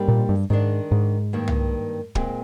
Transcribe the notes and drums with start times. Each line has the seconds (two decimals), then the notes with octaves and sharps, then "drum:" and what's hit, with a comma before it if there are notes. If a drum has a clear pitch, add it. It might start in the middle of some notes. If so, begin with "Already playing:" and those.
Already playing: G#2 G3 A#3 D4
0.08 A#2
0.29 G2
0.50 G#2 D#3 G#3 D4
0.92 G#2
1.33 G2 D#3 A#3
1.48 drum: tom C2
2.15 A#2 G#3 C4, drum: kick